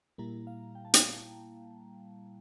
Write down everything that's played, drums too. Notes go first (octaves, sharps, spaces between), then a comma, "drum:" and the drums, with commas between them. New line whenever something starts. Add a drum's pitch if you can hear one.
A#2 G3 A#3 E4 A#5
F5
G5
A5
G5, drum: hi-hat